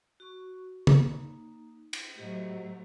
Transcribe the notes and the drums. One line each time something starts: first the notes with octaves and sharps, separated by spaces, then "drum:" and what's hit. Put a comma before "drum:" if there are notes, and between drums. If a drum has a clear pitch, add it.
F#4 C#6
A#3 D#4, drum: tom
drum: cymbal
A2 F#3 G4 C5 D#5